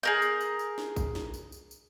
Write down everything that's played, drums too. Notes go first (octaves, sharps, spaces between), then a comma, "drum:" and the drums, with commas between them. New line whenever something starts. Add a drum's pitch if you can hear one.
G#4 A#4 G6
drum: tambourine
drum: tambourine
drum: tambourine
drum: snare
drum: kick A1, tambourine
drum: snare
drum: tambourine
drum: tambourine
drum: tambourine